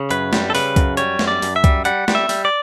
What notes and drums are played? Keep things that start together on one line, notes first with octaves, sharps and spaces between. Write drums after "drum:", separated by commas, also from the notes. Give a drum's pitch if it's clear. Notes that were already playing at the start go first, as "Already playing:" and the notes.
Already playing: C#3
F#2 B4, drum: hi-hat
G3, drum: snare
A4
C#3 B4, drum: open hi-hat
F#2, drum: kick C2, hi-hat
G3 C#5, drum: hi-hat
F#2, drum: snare
D5
F#2, drum: open hi-hat
E5
G3, drum: kick C2, hi-hat
G3 F#5, drum: hi-hat
G3, drum: snare
E5
G3, drum: open hi-hat
D5